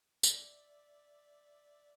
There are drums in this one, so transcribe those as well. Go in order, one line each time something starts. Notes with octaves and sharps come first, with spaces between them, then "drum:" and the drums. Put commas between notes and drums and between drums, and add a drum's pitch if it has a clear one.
D5 E5, drum: tambourine